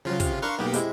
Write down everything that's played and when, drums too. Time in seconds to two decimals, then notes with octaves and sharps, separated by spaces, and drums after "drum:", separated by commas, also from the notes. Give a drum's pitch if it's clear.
0.05 C#3 F3 F#3 F4
0.20 C3, drum: kick, hi-hat
0.42 D4 A#4 B4 F5 C6 C#6
0.59 B1 A#3 B3 G4
0.74 C3 G#3 E4, drum: hi-hat